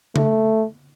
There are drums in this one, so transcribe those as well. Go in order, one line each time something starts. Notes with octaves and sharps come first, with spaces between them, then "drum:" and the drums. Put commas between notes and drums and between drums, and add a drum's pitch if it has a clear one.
A3, drum: tom C#3